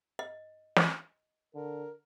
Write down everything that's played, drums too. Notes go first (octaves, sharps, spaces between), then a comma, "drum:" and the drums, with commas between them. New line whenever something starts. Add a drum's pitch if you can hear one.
D#5
drum: snare
D3 A#4